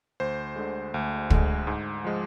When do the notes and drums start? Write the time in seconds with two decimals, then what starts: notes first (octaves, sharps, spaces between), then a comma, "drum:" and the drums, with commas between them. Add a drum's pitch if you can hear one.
0.20 D2 C5
0.56 D3 G#3
0.94 D2
1.30 D3 G#3, drum: kick
1.67 G#2
2.04 F3 G#3